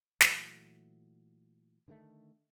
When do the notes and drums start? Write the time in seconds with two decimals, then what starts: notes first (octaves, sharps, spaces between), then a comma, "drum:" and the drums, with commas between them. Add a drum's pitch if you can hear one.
0.21 A#2 E3 F#3 A3, drum: snare
1.88 D3 D#3 G3 A3